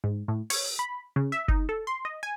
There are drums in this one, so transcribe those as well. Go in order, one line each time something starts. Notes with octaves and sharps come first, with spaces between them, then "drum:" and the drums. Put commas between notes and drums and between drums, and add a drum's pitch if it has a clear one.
G#2
A2
C#5, drum: open hi-hat
B5
C#3
E5
D#4, drum: kick F#1
A4
C6
D#5
G#5